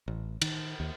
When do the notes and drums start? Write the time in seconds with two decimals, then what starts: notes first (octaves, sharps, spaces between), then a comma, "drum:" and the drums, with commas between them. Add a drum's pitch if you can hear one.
0.08 A1
0.42 D#3, drum: cymbal
0.80 D#2